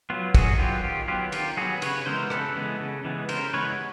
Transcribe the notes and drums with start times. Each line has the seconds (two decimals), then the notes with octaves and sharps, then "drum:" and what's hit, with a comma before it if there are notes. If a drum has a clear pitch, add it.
0.10 F#3 B3 F4
0.35 D#3 F#4 G#4, drum: kick, cymbal
0.59 F#3 B3 F4 G4
0.83 D#3 F4 G4
1.08 F#3 B3 F4 G4
1.32 D#3 F4 G4, drum: cymbal
1.57 F#3 B3 F#4 G#4
1.82 C#3 B4 C#5, drum: cymbal
2.06 E3 G#3 B3 A#4 C5
2.30 C#3 A4 B4, drum: rim click
2.55 E3 G#3 B3
2.80 C#3
3.05 E3 G#3 B3
3.29 C#3 A#4 C5, drum: cymbal
3.53 E3 G#3 B3 B4 C#5